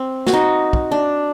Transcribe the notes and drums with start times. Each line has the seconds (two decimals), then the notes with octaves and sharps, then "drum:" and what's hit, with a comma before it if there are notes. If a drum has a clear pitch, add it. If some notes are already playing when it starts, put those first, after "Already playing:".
Already playing: C4
0.26 F#4, drum: snare
0.34 D#4
0.73 drum: kick
0.91 D4